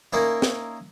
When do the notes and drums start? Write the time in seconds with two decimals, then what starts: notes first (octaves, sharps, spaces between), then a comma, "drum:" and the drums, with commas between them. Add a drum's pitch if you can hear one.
0.13 A#3 C#4 D#4 E4
0.42 drum: snare